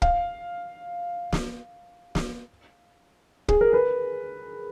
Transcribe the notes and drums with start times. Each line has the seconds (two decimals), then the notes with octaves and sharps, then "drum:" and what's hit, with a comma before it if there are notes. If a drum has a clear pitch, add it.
0.02 F5, drum: kick
1.32 drum: snare
2.15 drum: snare
3.48 G#4, drum: kick
3.61 A#4
3.73 B4